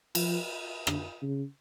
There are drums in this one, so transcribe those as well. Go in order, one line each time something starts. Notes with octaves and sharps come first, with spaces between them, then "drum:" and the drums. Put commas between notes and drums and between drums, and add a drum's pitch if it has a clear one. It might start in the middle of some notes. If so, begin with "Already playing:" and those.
F3, drum: cymbal
D3, drum: rim click
C#3